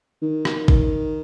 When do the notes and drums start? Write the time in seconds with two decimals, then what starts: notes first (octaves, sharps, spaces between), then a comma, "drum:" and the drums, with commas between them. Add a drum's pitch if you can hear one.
0.22 D#3
0.45 drum: rim click
0.68 drum: kick